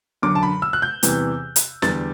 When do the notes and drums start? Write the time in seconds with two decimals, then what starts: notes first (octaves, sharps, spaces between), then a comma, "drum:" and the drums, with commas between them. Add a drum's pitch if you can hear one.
0.22 F#2 D3 F#3 D6
0.35 A5
0.43 B5
0.62 E6
0.73 F#6
0.82 G6
1.03 E2 C3 E3 G3, drum: hi-hat
1.56 drum: hi-hat
1.82 E2 D3 G3 A6, drum: snare